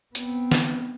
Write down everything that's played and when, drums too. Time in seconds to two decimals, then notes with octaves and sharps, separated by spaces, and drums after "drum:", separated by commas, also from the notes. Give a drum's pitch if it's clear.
0.15 B3 C4, drum: hi-hat
0.51 drum: snare